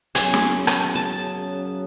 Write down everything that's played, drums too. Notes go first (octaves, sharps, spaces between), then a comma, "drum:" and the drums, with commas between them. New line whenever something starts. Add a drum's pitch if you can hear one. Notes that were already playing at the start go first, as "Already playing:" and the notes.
F#2 C#3 F#3 B3 G#5, drum: hi-hat
drum: snare
drum: rim click
A5